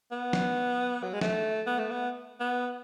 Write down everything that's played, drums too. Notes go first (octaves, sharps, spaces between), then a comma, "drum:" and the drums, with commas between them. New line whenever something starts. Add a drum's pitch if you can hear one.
B3
drum: snare
F#3
G#3
A3, drum: snare
B3
A3
B3
B3